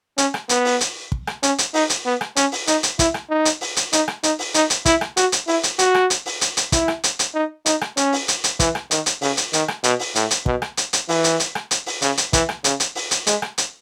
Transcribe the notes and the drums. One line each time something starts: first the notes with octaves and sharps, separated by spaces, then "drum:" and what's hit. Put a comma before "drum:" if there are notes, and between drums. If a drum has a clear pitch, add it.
C#4, drum: hi-hat
drum: rim click
B3, drum: hi-hat
drum: open hi-hat
drum: hi-hat
drum: kick
drum: rim click
C#4, drum: hi-hat
drum: hi-hat
D#4, drum: open hi-hat
drum: hi-hat
B3
drum: rim click
C#4, drum: hi-hat
drum: open hi-hat
D#4, drum: hi-hat
drum: hi-hat
E4, drum: kick, hi-hat
drum: rim click
D#4
drum: hi-hat
drum: open hi-hat
drum: hi-hat
D#4, drum: hi-hat
drum: rim click
D#4, drum: hi-hat
drum: open hi-hat
D#4, drum: hi-hat
drum: hi-hat
E4, drum: kick, hi-hat
drum: rim click
F#4, drum: hi-hat
drum: hi-hat
E4, drum: open hi-hat
drum: hi-hat
F#4, drum: hi-hat
drum: rim click
drum: hi-hat
drum: open hi-hat
drum: hi-hat
drum: hi-hat
E4, drum: kick, hi-hat
drum: rim click
drum: hi-hat
drum: hi-hat
D#4
D#4, drum: hi-hat
drum: rim click
C#4, drum: hi-hat
drum: open hi-hat
drum: hi-hat
drum: hi-hat
E3, drum: kick, hi-hat
drum: rim click
D#3, drum: hi-hat
drum: hi-hat
C#3, drum: open hi-hat
drum: hi-hat
D#3, drum: hi-hat
drum: rim click
B2, drum: hi-hat
drum: open hi-hat
A2, drum: hi-hat
drum: hi-hat
B2, drum: kick
drum: rim click
drum: hi-hat
drum: hi-hat
E3, drum: open hi-hat
drum: hi-hat
drum: hi-hat
drum: rim click
drum: hi-hat
drum: open hi-hat
C#3, drum: hi-hat
drum: hi-hat
E3, drum: kick, hi-hat
drum: rim click
C#3, drum: hi-hat
drum: hi-hat
drum: open hi-hat
drum: hi-hat
G#3, drum: hi-hat
drum: rim click
drum: hi-hat